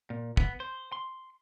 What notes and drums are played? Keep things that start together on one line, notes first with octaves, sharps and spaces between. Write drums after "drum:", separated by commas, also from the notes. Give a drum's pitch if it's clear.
A#2
B3, drum: kick
C5
C6